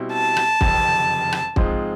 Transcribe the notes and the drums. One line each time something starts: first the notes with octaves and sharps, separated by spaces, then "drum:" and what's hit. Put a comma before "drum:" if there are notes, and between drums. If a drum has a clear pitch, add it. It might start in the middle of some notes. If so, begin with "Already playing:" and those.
Already playing: B2 G3 C4 E4
A5
drum: rim click
F#1 F2 C3 D#3, drum: kick
drum: rim click
G#2 F3 G#3 C4 F4, drum: kick